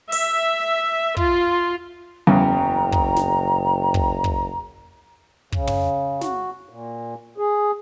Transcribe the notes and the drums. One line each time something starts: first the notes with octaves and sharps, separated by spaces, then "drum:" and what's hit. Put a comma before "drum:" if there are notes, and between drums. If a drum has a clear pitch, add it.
E5, drum: open hi-hat
F4, drum: kick
F#1 E2 C#3 E3 G5 A#5
drum: kick
drum: snare
drum: kick
drum: kick
C#3, drum: kick
drum: tom
F#4, drum: snare
A#2
G#4